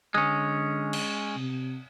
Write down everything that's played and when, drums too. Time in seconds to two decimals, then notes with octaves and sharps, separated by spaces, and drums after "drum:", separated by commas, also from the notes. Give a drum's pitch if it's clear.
0.14 D3 G#3 C#4 D#6
0.93 drum: cymbal
1.36 C3